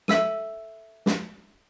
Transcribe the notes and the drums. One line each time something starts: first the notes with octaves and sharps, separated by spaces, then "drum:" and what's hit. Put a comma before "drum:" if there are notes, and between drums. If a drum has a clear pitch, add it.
A4 E5 E6 D#7, drum: snare
drum: snare